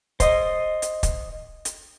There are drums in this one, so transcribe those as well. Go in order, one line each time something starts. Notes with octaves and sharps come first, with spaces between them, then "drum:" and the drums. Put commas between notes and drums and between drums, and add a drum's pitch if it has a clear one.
C5 D#5, drum: kick, hi-hat
drum: hi-hat
drum: kick, hi-hat
drum: hi-hat